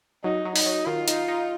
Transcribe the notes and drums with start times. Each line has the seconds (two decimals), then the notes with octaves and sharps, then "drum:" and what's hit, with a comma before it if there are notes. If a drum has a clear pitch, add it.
0.24 F#3 D#4
0.45 F#3
0.56 D#4, drum: open hi-hat
0.66 F#3
0.86 D#3 F4
1.08 D#4, drum: hi-hat
1.28 D#4